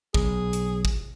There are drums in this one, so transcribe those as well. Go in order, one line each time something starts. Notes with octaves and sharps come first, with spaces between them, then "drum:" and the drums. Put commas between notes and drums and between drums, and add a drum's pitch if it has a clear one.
B1 G#4, drum: kick
drum: hi-hat
drum: kick